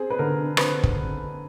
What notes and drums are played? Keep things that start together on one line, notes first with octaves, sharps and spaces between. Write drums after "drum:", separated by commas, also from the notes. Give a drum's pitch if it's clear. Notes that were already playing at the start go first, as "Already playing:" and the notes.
Already playing: C4 G#4
B4
D3 A#4
C4 B4, drum: rim click
drum: kick